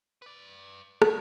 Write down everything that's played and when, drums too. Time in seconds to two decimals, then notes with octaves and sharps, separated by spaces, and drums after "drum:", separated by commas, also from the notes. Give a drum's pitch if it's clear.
0.22 B4 D5
1.02 C#5, drum: rim click